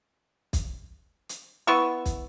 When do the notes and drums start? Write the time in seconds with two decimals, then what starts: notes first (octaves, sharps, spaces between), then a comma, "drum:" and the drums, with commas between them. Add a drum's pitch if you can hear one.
0.53 drum: kick, hi-hat
1.29 drum: hi-hat
1.67 B3 E4 C#6
2.05 drum: kick, hi-hat